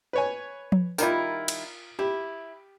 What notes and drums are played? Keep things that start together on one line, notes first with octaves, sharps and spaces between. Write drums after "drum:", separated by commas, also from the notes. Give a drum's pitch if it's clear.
B4 C#5 G#5
drum: tom F3
D#3 G3 E4 F4 A#4, drum: tambourine
drum: cymbal
E4 G4